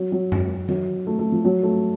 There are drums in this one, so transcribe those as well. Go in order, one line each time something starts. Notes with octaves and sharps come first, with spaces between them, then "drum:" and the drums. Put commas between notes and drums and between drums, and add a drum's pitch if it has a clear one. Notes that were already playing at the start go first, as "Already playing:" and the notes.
Already playing: F#3
F#3
drum: tom F#2
F#3, drum: tom D#3
A3
A3
F3
F#3
A3